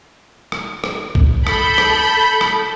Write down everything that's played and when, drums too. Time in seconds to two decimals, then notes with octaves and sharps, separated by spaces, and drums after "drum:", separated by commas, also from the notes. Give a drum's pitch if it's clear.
0.52 drum: rim click
0.84 drum: rim click
1.15 drum: kick C2
1.47 A4 B5 G6, drum: rim click
1.78 drum: rim click
2.41 drum: rim click